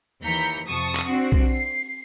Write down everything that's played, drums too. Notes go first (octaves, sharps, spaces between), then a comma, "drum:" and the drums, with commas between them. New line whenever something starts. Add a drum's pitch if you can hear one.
D#2 E3 A#5 G6 B6 C#7
F2 C3 A5 C#6 D#6
drum: clap
C4 D4 F#4
drum: kick B1
C7